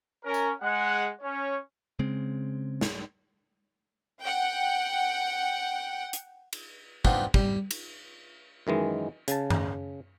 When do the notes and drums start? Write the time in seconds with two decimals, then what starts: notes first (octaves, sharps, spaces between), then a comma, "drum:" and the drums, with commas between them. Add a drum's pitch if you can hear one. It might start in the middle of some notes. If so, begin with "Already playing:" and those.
0.25 C#4 A#4
0.34 drum: tambourine
0.62 G#3 F#5
1.22 C#4 C#5
1.99 C#3 G#3 C4
2.81 drum: snare
4.21 F#5 G5
6.13 drum: hi-hat
6.53 drum: cymbal
7.05 B3 C4 D4 D#4 F4, drum: kick
7.34 G3, drum: kick
7.71 drum: cymbal
8.67 F#2 D#3 E3 G#3
9.28 C#3 A5, drum: hi-hat
9.50 drum: tom F#2